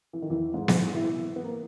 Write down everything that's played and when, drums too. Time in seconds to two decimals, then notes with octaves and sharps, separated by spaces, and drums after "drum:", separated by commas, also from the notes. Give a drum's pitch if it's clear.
0.13 E3
0.22 D#3
0.30 E2 E3
0.54 G#2 G#3
0.68 drum: snare B3
0.95 E3 E4
1.36 B3
1.44 A#3